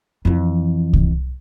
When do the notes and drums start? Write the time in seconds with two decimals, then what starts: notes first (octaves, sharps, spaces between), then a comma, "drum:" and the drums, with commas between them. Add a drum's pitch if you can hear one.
0.25 F2 E3
0.93 drum: kick C2